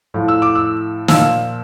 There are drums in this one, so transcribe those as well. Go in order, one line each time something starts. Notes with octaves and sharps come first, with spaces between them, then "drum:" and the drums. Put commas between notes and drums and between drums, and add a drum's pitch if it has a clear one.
A2 F3
E6
D6
E6
A#2 F3 E6, drum: snare